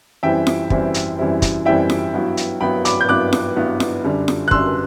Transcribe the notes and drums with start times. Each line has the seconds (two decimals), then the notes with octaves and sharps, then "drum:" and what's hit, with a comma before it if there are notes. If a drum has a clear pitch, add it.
0.23 F#2 E3 G3 C4 E4 E5 G5
0.47 drum: snare F4
0.70 F#2 E3 G3 C4 E4, drum: kick
0.94 drum: hi-hat
1.18 F#2 E3 G3 C4 E4
1.42 drum: kick, hi-hat
1.65 F#2 E3 G3 C4 E4 E5 G5
1.90 drum: snare F4
2.14 G2 F#3 B3 E4
2.37 drum: hi-hat
2.60 G2 F#3 B3 E4 G5 B5
2.85 B5 D6, drum: hi-hat
3.01 G6
3.09 G2 F#3 B3 E4 D6 F#6
3.33 drum: snare F4
3.56 G2 F#3 B3 E4
3.80 drum: snare F4
4.04 F#2 D3 G3 D4
4.28 drum: snare F4
4.48 F#6
4.51 F#2 D3 G3 D4 C6 E6, drum: kick